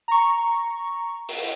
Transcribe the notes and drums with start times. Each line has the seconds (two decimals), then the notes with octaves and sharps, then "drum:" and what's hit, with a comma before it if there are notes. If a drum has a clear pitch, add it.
0.08 A#5 C#6
1.29 drum: open hi-hat